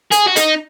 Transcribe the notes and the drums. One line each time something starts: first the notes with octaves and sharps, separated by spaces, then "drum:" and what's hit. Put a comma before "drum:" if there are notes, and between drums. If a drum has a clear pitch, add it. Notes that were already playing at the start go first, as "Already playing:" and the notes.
G#4, drum: hi-hat
F#4
D#4, drum: hi-hat